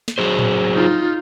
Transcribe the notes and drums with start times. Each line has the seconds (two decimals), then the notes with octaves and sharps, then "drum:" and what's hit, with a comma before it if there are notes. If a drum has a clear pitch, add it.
0.08 drum: snare
0.18 F#3 G#4 C5
0.39 drum: tom A2
0.74 D#4 F4